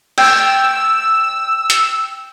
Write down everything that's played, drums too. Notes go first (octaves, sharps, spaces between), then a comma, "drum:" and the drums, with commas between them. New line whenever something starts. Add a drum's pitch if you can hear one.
G5 E6, drum: cymbal
drum: hi-hat